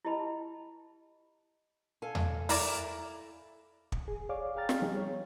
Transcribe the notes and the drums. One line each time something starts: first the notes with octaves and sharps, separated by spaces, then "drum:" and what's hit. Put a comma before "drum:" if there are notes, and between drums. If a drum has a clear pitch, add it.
E4 G4 B4 D#5 A5 B5
A4 F5 G#5
drum: tom E2
E4 A#4 D5, drum: open hi-hat
drum: kick
G#4
G#4 C#5 D5 F5 D6
G#4 F5 G5 A#5 F6 A6
drum: snare
F3 G3 B3 D#4 G4 G#4
C#5